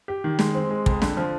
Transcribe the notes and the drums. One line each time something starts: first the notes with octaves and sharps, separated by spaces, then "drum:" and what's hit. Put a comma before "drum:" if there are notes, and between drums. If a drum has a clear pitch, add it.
G4
D#3
G#3, drum: snare
C4
G#3
F2, drum: kick
D3, drum: snare
F3